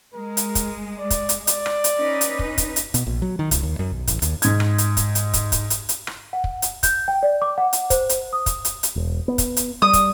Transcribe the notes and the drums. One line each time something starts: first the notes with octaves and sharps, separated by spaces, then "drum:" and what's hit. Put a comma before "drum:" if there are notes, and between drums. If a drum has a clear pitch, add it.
G#3 A#4
drum: hi-hat
drum: kick, hi-hat
D5
drum: kick, hi-hat
drum: hi-hat
D5, drum: hi-hat
drum: rim click
drum: hi-hat
C#4 D#4 B4
drum: hi-hat
drum: kick
drum: kick, hi-hat
drum: hi-hat
B2, drum: hi-hat
A#1
F#3
D#3
C#2, drum: kick, hi-hat
D#2
F#2
B1
A1, drum: kick, hi-hat
D#2, drum: hi-hat
G#2 G#6, drum: hi-hat
drum: rim click
drum: hi-hat
drum: kick, hi-hat
drum: hi-hat
drum: kick, hi-hat
drum: kick, hi-hat
drum: hi-hat
drum: hi-hat
drum: rim click
F#5
drum: kick
drum: hi-hat
G6, drum: kick, hi-hat
G5
D5
D6
F#5
drum: hi-hat
C5, drum: kick, hi-hat
drum: hi-hat
D#6
drum: kick, hi-hat
drum: hi-hat
drum: hi-hat
E1
B3
drum: kick, hi-hat
drum: hi-hat
G3 D#6
drum: kick, hi-hat